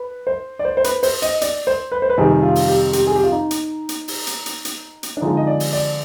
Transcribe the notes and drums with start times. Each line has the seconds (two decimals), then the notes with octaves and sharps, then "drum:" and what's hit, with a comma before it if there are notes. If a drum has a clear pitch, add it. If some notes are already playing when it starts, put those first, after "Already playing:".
Already playing: B4
0.27 C5
0.59 D5
0.65 C5
0.77 C5
0.84 B4, drum: hi-hat
1.03 C5, drum: open hi-hat
1.22 D#5, drum: hi-hat
1.41 D5, drum: hi-hat
1.67 C5
1.92 B4
2.02 C5
2.10 B4
2.18 F2 C3 D#3 G3 C4 G#4
2.43 F4
2.56 drum: open hi-hat
2.68 G4
2.93 G4, drum: hi-hat
3.07 G#4
3.16 G4
3.23 F4
3.32 D#4
3.51 drum: hi-hat
3.89 drum: hi-hat
4.08 drum: open hi-hat
4.27 drum: hi-hat
4.46 drum: hi-hat
4.65 drum: hi-hat
5.03 drum: hi-hat
5.17 D4
5.21 D3 F3 G#3 C4 D#4
5.37 D#5
5.47 D5
5.60 drum: open hi-hat
5.73 D5